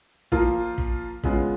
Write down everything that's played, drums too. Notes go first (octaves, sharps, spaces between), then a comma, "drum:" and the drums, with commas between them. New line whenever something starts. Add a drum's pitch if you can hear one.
F3 A#3 F4 A#4, drum: kick
drum: kick
C#3 G#3 B3 F4, drum: kick